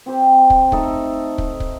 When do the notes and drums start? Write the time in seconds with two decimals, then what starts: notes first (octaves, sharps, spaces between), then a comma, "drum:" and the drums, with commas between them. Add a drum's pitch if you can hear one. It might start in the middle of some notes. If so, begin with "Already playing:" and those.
0.06 C4 G4 C5
0.50 drum: kick
0.72 A3 D#4 A4, drum: kick
1.38 drum: kick
1.60 drum: kick